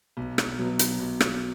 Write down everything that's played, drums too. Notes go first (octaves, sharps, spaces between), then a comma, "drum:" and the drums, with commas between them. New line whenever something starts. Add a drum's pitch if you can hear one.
B1
drum: rim click
B2 F#3
drum: hi-hat
B1
drum: rim click